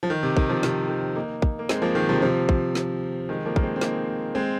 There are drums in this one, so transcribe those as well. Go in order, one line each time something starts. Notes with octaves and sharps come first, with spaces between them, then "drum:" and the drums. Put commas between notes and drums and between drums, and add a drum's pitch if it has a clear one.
F3
D#3
C3
D#3, drum: kick
C3 F3
C3, drum: snare
D#3
A#3 D#4
drum: kick
A#3
G#3 C4, drum: snare
F3 A#3
D#3 G#3
C3 F3
C3 F3
drum: kick
drum: snare
D#3 G#3
F3 A#3
A#3, drum: kick
G#3 C4
C4
A#3 D#4, drum: snare
G#3 C4